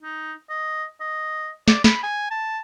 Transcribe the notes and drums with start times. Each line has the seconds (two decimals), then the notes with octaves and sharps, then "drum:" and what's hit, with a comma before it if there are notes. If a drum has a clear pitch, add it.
0.02 D#4
0.50 D#5
1.00 D#5
1.68 D5, drum: snare
1.84 B5, drum: snare
2.03 G#5
2.31 A5